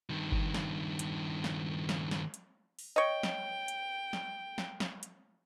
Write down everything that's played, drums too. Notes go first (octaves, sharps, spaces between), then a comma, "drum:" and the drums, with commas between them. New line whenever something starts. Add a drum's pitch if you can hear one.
G2 D#3
drum: kick G1
drum: snare
drum: hi-hat
drum: snare
drum: snare
drum: snare
drum: hi-hat
drum: open hi-hat
C#5 D#5 G5
drum: snare
drum: hi-hat
drum: snare
drum: snare
drum: snare
drum: hi-hat